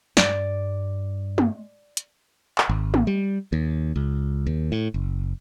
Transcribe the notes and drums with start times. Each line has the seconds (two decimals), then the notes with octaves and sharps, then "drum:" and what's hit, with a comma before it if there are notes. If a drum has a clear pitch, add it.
0.17 G2 D5, drum: snare
1.38 drum: tom
1.97 drum: hi-hat
2.58 drum: clap
2.69 G#1
2.94 drum: tom
3.07 G3
3.53 D#2
3.96 C#2
4.47 D#2
4.72 A2
4.94 F#1